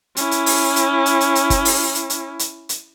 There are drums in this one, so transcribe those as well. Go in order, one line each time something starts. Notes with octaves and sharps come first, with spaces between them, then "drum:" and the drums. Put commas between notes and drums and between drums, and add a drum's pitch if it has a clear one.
C#4 E4, drum: hi-hat
drum: hi-hat
drum: open hi-hat
drum: hi-hat
drum: hi-hat
drum: hi-hat
drum: hi-hat
drum: kick, hi-hat
drum: open hi-hat
drum: hi-hat
drum: hi-hat
drum: hi-hat
drum: hi-hat